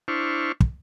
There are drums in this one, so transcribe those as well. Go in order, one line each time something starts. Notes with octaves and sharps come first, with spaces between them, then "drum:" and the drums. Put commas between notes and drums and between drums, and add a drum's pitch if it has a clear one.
D4 E4 C5 C#6 F6
drum: kick